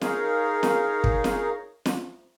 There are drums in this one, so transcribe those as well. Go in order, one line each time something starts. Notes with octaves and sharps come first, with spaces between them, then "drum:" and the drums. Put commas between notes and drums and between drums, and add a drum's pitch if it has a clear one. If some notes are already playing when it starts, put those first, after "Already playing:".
D#4 G#4 A#4 C#5 F5, drum: snare
drum: snare
drum: kick
drum: snare
drum: snare